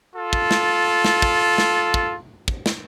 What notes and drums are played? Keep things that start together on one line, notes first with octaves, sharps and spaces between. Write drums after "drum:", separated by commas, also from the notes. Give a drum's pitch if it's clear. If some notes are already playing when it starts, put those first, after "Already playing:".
F4 A4
drum: kick
drum: snare
drum: snare
drum: kick
drum: snare
drum: kick
drum: kick
drum: snare